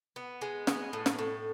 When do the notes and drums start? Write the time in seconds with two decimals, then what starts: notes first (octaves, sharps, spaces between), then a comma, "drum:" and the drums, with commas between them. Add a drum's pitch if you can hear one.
0.16 B3
0.41 G#3
0.67 B3, drum: snare
0.93 A2
1.06 drum: snare
1.18 A2